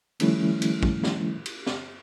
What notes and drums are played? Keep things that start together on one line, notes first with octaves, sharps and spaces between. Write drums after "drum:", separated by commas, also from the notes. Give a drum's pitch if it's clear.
D#3 F3 G3 A3 C#4 E4, drum: cymbal
drum: cymbal
drum: kick
drum: snare
drum: cymbal
drum: snare